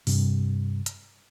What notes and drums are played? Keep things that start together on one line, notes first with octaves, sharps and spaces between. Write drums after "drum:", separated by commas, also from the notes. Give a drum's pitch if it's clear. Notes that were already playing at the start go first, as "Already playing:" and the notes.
G2 C3, drum: open hi-hat
drum: hi-hat